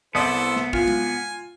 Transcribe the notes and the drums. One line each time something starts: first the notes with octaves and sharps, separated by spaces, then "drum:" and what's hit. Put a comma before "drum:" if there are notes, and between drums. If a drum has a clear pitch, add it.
C2 B3 E4 A4 C5 D5 D#6
drum: snare
F4 G#5, drum: kick
drum: tom G#3